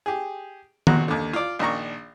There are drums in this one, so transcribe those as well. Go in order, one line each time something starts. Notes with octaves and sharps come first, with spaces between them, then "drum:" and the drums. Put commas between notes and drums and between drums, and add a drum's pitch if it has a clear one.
G4 G#4
G#1 A#2 F#4 A#5 F#6, drum: tom D#3
D#2 D3
F4 D5
A#1 D#3 D4 A#5 C#6